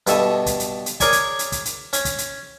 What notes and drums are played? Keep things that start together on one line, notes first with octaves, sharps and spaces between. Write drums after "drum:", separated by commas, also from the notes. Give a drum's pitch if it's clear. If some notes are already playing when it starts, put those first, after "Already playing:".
G2 B2 A4 E5 D#6, drum: hi-hat
drum: kick, hi-hat
drum: hi-hat
drum: hi-hat
G#4 A#4 C#5 D5 G#5, drum: kick, hi-hat
drum: hi-hat
drum: hi-hat
drum: kick, hi-hat
drum: hi-hat
C#4, drum: hi-hat
drum: kick, hi-hat
drum: hi-hat